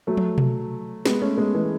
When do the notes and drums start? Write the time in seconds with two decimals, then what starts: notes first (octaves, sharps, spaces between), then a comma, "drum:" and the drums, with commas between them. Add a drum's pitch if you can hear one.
0.07 F#3 A3
0.17 drum: tom
0.38 drum: tom B2
1.06 G#3 B3, drum: snare
1.22 A3 C#4
1.37 G#3 B3
1.54 E3 G#3